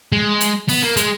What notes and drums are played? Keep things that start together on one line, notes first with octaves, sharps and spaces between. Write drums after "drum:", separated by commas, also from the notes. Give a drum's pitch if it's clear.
G#3
drum: hi-hat
B3, drum: open hi-hat
A#3
G#3, drum: hi-hat